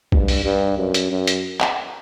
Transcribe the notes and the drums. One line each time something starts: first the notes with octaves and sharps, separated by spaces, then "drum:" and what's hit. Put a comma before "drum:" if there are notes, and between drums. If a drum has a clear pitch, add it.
G2, drum: kick A#1
drum: open hi-hat
G2
F#2
drum: hi-hat
F#2
drum: hi-hat
drum: clap